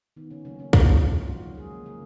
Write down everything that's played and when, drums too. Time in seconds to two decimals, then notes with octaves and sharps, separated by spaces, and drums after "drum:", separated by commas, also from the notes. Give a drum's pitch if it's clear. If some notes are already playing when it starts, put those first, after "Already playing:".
0.16 D#3 B3
0.31 C#3 C#4
0.45 C#3 F#3 A#3 C#4
0.59 C#3 C#4
0.73 D#3 D#4, drum: kick
1.01 F3 F#3 A#3 F4
1.29 C#3 F#3 F#4
1.57 F#3 G#3 A#3 G#4
1.86 C#3 A#3 A#4